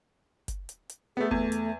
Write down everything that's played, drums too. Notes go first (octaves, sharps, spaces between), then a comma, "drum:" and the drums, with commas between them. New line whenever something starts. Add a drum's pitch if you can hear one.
drum: kick F#1, hi-hat
drum: hi-hat
drum: hi-hat
A3 B3 G#4
E2 A3, drum: kick F#1
drum: hi-hat